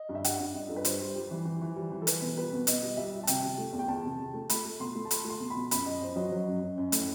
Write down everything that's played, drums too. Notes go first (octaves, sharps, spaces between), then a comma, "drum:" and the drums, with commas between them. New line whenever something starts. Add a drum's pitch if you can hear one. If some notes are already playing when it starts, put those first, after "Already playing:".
Already playing: D#5
G2
E5
G3 F#5, drum: hi-hat
G2
G2 D#5
G2 A4
B4
G3 C5, drum: hi-hat
G3
G3
E3
E3
E3
G3
E3
A4
G3 B4, drum: hi-hat
B2
G3 B4
B2
B2 D#5, drum: hi-hat
G3
G3 E5
G3
A5
C3 G5, drum: hi-hat
C3
A3
E2
G5
E2 A5
C3
C3
A3
A3 B5, drum: hi-hat
A3
B2 C6
A3
A5
A3 B5, drum: hi-hat
A3
C6
B2
B5
B2
F#2 B5, drum: hi-hat
F#2 D#5
F#2 C5
F#3 D#5
F#3
F#2
F#2
F#2
A2, drum: hi-hat